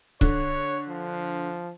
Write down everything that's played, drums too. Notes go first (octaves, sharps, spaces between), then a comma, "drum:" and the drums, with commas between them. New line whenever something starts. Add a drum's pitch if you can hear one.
D3 C#5, drum: kick
F3